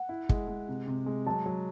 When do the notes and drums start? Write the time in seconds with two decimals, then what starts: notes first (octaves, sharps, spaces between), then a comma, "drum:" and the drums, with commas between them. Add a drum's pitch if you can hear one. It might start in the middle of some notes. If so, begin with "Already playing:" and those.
Already playing: F#5
0.09 E4
0.29 G#3, drum: kick
0.48 G#3
0.68 C3
0.87 C3
1.06 G#3
1.26 F#3 A5
1.46 F#3